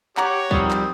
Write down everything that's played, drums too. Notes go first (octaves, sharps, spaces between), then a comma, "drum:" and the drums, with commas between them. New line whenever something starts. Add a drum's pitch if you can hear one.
G4 C#5 F#5 A#5 D6, drum: clap
D#3 F3 G3 C4 D#6, drum: kick
drum: clap